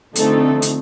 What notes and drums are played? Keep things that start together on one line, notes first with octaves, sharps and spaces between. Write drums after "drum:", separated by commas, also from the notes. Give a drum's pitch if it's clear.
D3 F3 A3 C4 D#4 A4, drum: hi-hat
drum: hi-hat